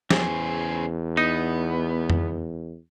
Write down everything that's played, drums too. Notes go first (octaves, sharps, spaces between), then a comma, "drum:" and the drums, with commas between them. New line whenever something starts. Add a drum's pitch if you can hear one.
E2 C#4 G#4 C5, drum: snare
B3 D#4
drum: tom F2